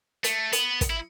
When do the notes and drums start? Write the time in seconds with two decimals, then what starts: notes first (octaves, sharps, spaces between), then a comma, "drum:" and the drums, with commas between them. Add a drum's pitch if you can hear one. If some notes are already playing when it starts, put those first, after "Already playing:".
0.24 A3, drum: hi-hat
0.53 B3, drum: hi-hat
0.81 drum: kick, hi-hat
0.90 E4